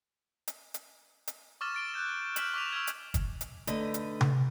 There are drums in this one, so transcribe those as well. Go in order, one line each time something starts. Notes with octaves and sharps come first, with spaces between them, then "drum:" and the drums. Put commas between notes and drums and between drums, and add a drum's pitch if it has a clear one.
drum: hi-hat
drum: hi-hat
drum: hi-hat
C#6 D6 E6 F6 A6 E7
A6 D7 G7
F#6 G6 A6
F6 G6 B6 D7 E7 F#7, drum: hi-hat
C#6 D6 B6 F7
C#6 E6 F6 G#6
drum: hi-hat
drum: kick, hi-hat
drum: hi-hat
D3 A3 D#4 B4 D#5, drum: hi-hat
drum: hi-hat
drum: tom C3